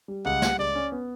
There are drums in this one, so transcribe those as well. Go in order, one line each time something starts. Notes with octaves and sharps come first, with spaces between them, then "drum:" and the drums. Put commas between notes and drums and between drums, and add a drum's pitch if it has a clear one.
G3
C#2 F#5
G3, drum: snare
C#2 D5
C#4
B3